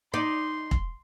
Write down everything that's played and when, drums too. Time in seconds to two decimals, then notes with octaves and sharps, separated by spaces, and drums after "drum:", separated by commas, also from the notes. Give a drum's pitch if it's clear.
0.14 D#4 D5 C6
0.71 drum: kick